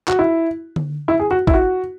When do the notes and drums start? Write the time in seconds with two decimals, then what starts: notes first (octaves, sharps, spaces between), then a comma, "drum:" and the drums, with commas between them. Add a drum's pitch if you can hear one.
0.08 F#4, drum: clap
0.19 E4
0.76 drum: tom D3
1.08 E4
1.20 G#4
1.31 F#4
1.47 E4, drum: kick
1.54 F#4